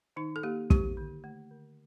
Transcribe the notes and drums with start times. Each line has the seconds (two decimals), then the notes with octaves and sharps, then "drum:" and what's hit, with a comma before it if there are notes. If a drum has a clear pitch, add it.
0.16 D#3 D#4
0.36 A4
0.43 A#3 G4
0.70 D#3 G4, drum: kick
0.97 D3
1.24 A3
1.51 D3